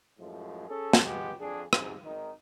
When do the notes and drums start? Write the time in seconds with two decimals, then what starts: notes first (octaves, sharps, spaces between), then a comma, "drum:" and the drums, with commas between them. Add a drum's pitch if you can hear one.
0.19 F#2 A2 F3 G#3
0.68 C#4 G#4 A4
0.93 drum: snare
1.04 C#2 G#3 B3 G4
1.40 F2 D4 G#4
1.73 G#2 C3, drum: rim click
2.04 G#1 D#3 D#4